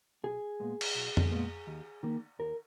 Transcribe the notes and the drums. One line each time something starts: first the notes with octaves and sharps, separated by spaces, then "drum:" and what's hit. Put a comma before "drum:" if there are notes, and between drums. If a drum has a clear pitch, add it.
B1 G#4
A#2 G#3 B3
drum: cymbal
B1
drum: tom F2
A#2 G#3 B3
D#2
D#3 A#3
D#2 A#4